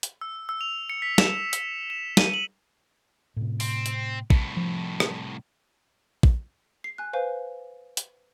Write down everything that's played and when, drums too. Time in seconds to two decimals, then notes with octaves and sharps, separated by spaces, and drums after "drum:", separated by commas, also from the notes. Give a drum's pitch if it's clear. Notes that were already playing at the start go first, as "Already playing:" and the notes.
0.03 drum: hi-hat
0.21 E6
0.49 E6
0.61 F7
0.90 C#7
1.02 B6
1.18 E7, drum: snare
1.53 E6, drum: hi-hat
1.90 E7
2.17 D#7, drum: snare
2.34 F#7
3.37 A2 C3
3.60 C4, drum: open hi-hat
3.86 drum: hi-hat
4.30 C2 A2, drum: kick A#1
4.57 F3
5.00 drum: rim click
6.23 drum: kick A#1
6.84 C7
6.98 G#5 F#6
7.13 B4 C5 F5 G#5
7.97 drum: hi-hat